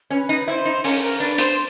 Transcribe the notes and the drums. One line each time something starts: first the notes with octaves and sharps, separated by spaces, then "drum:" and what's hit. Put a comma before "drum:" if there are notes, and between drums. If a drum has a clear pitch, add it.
C#4 C5
B4
D#4
E4 C5
D#4
C#4 A#4, drum: open hi-hat
A#4
D4 B4
C5, drum: hi-hat